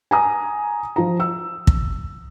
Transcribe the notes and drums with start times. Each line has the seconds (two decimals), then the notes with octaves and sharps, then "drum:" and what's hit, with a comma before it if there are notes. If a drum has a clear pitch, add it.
0.11 G#5 A#5 D#6
0.96 F3 A#5
1.20 E6
1.67 drum: kick